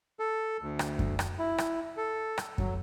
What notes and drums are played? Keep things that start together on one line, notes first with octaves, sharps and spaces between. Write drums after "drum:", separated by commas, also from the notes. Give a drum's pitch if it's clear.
A4
D2
drum: rim click
drum: kick F#2
drum: rim click
E4
drum: rim click
A4
drum: rim click
F#3, drum: kick F#2